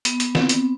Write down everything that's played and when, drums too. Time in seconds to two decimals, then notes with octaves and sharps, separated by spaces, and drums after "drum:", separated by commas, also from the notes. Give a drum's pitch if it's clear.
0.05 B3, drum: hi-hat
0.20 drum: hi-hat
0.35 C4, drum: snare
0.49 drum: hi-hat